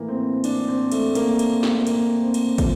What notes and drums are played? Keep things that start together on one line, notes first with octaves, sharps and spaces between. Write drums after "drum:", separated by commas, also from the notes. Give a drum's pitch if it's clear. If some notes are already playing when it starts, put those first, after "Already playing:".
Already playing: A2 E3 A#3
C4
D4, drum: cymbal
C4
A3, drum: cymbal
A#3, drum: cymbal
drum: cymbal
drum: snare
A#3, drum: cymbal
C4
drum: cymbal
D3 F3, drum: kick, cymbal